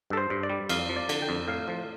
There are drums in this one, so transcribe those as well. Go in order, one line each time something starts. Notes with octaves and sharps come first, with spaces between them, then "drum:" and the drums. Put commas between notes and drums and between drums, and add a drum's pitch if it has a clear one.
G2 A4
C5
G2
D5
G3
F2 F5, drum: cymbal
F3
D5
D3, drum: cymbal
G5
F2
A2 F5
F3